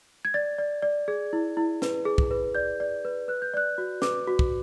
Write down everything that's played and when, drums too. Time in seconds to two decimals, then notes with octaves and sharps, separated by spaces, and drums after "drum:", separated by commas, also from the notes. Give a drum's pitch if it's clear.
0.25 G#6
0.34 D5 A6
0.58 D5
0.83 D5
1.08 G#4 G#6
1.33 E4
1.57 E4
1.82 B4, drum: snare
2.05 G#4
2.18 drum: kick
2.31 B4
2.55 D5 G6
2.80 D5
3.05 B4
3.28 B4 F#6
3.42 G6
3.54 D5 F#6
3.78 F#4
4.02 B4 D6, drum: snare
4.27 F#4
4.39 drum: kick